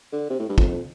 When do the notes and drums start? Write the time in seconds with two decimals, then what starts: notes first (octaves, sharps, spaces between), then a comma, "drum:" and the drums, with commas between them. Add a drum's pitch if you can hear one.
0.13 D3
0.30 C3
0.39 A2
0.49 G2
0.58 F2, drum: kick
0.68 F2